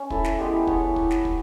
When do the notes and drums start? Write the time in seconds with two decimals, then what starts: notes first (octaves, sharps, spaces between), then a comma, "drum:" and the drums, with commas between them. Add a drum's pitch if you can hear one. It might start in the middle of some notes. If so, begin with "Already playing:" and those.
Already playing: C#4
0.10 E4 A4 C#5, drum: kick
0.24 drum: snare
0.38 G#3 B3 E4 G4
0.67 B3 E4 A4 C#5, drum: kick
0.96 drum: kick
1.11 drum: snare
1.25 drum: kick